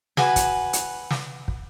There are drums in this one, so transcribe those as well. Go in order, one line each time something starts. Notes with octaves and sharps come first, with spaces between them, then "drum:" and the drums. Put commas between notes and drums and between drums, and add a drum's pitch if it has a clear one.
F#4 B4 G#5, drum: snare
drum: kick, hi-hat
drum: hi-hat
drum: snare
drum: kick